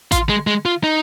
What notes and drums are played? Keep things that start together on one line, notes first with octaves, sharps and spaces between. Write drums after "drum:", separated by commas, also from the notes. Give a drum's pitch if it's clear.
F4, drum: kick A1, hi-hat
G#3
G#3
F4
D#4